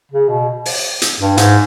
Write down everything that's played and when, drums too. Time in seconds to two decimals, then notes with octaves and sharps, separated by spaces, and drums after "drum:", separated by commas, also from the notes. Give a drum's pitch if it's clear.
0.12 C#3
0.29 B2
0.66 drum: open hi-hat
1.02 drum: hi-hat
1.20 G2
1.37 G#2, drum: hi-hat